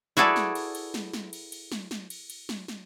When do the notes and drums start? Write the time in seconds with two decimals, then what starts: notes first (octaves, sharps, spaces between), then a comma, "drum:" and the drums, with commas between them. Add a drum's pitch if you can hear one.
0.17 E4 F#4 G#4 A4 B4 D5, drum: snare
0.36 drum: snare
0.55 drum: cymbal
0.75 drum: cymbal
0.94 drum: snare
1.13 drum: snare
1.33 drum: cymbal
1.52 drum: cymbal
1.72 drum: snare
1.91 drum: snare
2.10 drum: cymbal
2.30 drum: cymbal
2.49 drum: snare
2.68 drum: snare